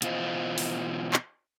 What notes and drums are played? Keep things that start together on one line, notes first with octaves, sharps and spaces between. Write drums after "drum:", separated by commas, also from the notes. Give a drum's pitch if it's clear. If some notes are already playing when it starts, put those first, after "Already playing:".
B2 E3 F4 C5 D#5, drum: hi-hat
drum: open hi-hat
drum: clap